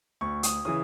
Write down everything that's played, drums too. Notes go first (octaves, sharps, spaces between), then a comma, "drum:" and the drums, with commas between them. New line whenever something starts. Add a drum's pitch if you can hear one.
D2 C#6
D#6, drum: hi-hat
C#3 E3 D#6